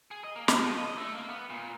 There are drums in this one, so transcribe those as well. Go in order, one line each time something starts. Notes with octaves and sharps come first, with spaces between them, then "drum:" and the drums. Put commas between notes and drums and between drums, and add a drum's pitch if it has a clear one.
G#4
D#5
A#3
D4, drum: snare
F3
D#5
A3
A#3
B3
A#2